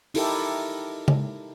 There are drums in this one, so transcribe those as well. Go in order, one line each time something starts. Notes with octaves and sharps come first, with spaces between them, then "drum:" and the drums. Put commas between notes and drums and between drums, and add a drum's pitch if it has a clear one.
D#4 E4 G4 A4 A#4, drum: open hi-hat
drum: tom C#3